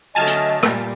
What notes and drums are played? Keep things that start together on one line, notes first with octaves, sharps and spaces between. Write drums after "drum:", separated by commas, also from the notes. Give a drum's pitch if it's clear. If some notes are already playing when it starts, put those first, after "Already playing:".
D3 F#3 A3 D#5 G#5 A5 F6
drum: hi-hat
A#2 G3, drum: rim click